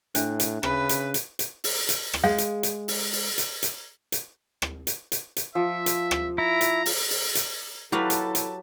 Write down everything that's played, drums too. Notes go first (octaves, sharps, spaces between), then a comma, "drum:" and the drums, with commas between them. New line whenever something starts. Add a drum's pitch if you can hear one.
A2 D4 E5 F#6, drum: hi-hat
drum: hi-hat
C#3 B4, drum: rim click
drum: hi-hat
drum: hi-hat
drum: hi-hat
drum: open hi-hat
drum: hi-hat
drum: rim click
G#3 F5
drum: hi-hat
drum: hi-hat
drum: open hi-hat
drum: open hi-hat
drum: hi-hat
drum: hi-hat
drum: hi-hat
drum: rim click
drum: hi-hat
drum: hi-hat
drum: hi-hat
F3 E5
drum: hi-hat
drum: rim click
E4 A#5
drum: hi-hat
drum: open hi-hat
drum: open hi-hat
drum: hi-hat
F#3 E4 F#4 G4 A4 B4 F5 A5
drum: hi-hat
drum: hi-hat